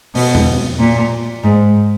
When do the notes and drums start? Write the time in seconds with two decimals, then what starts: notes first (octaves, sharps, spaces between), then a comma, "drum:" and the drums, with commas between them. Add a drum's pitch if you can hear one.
0.15 B2, drum: open hi-hat
0.35 drum: tom E2
0.79 A#2
1.44 G#2